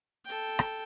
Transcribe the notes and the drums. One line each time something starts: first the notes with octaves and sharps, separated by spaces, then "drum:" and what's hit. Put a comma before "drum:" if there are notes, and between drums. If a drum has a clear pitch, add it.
A4 G5
drum: rim click